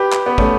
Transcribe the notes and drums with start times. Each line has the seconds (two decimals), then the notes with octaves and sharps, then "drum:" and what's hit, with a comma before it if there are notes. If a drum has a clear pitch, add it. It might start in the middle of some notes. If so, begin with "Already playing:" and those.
Already playing: G4 B4
0.12 drum: clap
0.26 B3
0.38 A3 C#4, drum: kick